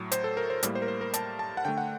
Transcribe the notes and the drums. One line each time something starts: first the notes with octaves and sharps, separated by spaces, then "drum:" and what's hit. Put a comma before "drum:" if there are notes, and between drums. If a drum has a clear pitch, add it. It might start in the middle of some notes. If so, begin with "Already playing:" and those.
Already playing: A2 F#3 A3
C5, drum: hi-hat
A4
A#4
C5
A2 G3 A#3, drum: hi-hat
C5
A#4
C5
A#4
A5, drum: hi-hat
A5
F#5
D3 A3 G5
F#5